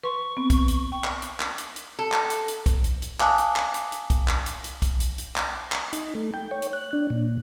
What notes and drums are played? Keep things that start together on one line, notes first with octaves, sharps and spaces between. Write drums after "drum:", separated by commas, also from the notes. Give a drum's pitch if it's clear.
B4 C6 C#6
B3 C4
drum: kick B1, hi-hat
drum: hi-hat
G5 C#6
drum: clap
drum: hi-hat
drum: clap
drum: hi-hat
drum: hi-hat
A4
drum: clap
drum: hi-hat
drum: hi-hat
drum: kick B1, hi-hat
drum: hi-hat
drum: hi-hat
F5 G#5 A5 D6 D#6 F#6, drum: clap
drum: hi-hat
drum: clap
drum: hi-hat
drum: hi-hat
drum: kick B1, hi-hat
drum: clap
drum: hi-hat
drum: hi-hat
drum: kick B1, hi-hat
drum: hi-hat
drum: hi-hat
drum: clap
drum: clap
D#4, drum: hi-hat
A3
G5
C#5
drum: hi-hat
F#6
D4
A#2